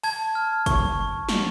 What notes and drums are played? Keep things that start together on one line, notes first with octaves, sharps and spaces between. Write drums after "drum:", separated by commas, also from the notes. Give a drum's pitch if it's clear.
A5 G#6, drum: open hi-hat
F6
C#6, drum: kick, hi-hat
drum: snare